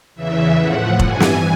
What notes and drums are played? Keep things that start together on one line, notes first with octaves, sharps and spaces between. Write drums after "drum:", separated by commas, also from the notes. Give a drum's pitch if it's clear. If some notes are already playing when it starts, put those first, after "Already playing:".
E2 C#3 E3 E5
A2 F3 F#5
G2 E3 G#5, drum: kick F1
drum: snare